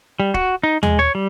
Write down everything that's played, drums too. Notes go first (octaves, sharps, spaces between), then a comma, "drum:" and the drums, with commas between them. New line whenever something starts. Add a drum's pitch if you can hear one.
G3
F#4, drum: kick
D#4
G#3, drum: tom D#2
C#5
G3